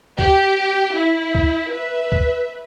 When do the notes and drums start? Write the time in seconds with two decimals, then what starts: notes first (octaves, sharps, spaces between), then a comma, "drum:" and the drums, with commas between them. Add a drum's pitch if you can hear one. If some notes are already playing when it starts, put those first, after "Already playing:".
0.19 G4, drum: kick C#2
0.96 E4
1.35 drum: kick C#2
1.74 B4 E5
2.12 drum: kick C#2